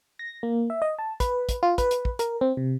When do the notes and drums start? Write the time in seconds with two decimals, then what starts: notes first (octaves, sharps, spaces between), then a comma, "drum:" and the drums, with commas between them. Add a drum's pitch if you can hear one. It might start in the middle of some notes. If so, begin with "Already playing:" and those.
0.19 A#6
0.43 A#3
0.70 E5
0.82 D#5
0.99 A5
1.20 B4, drum: kick, hi-hat
1.49 drum: kick, hi-hat
1.63 F4
1.78 B4, drum: kick, hi-hat
1.91 drum: hi-hat
2.05 drum: kick
2.19 A#4, drum: hi-hat
2.41 C4
2.57 C3